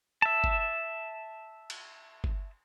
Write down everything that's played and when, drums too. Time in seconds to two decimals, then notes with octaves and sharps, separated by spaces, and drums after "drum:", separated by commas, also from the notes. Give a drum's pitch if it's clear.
0.22 E5 A5
0.44 drum: kick
1.70 drum: cymbal
2.24 drum: kick